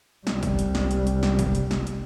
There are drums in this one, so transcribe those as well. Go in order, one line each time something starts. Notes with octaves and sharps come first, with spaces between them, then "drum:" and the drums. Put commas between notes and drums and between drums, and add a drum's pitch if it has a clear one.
C2 G3, drum: snare
drum: kick, hi-hat
drum: hi-hat
drum: snare
drum: hi-hat
drum: hi-hat
drum: snare
drum: kick, hi-hat
drum: hi-hat
drum: snare
drum: hi-hat